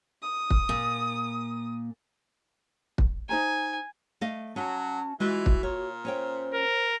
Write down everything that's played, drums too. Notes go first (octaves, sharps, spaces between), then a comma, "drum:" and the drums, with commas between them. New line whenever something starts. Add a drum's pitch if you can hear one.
D#6
drum: kick
A#2
drum: kick
D#4 C5 G#5 A#5
A3 D#5 F5
F#3 C#4 F#4 A5
E3 G#3 F4 F#4 E5
drum: kick
A#2 C#5
C#4 C5 C#5 G5
A#4